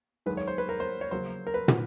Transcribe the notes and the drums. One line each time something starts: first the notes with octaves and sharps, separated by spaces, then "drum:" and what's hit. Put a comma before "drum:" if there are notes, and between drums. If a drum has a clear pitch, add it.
F#2 D#3 G#3 B4
C#5
C5
B4
A#4
C5
C#5
C#3 F#3 A#3 C5
A#4
B4
drum: tom